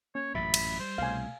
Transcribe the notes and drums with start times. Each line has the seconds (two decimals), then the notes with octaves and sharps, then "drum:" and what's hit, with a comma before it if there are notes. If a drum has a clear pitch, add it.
0.15 A#3 C#4 C#5
0.34 A1 F#2 A#2 F#3 E5 B5 A6
0.54 drum: cymbal
0.80 G3 C5
0.98 C2 B2 A3 F5 G#5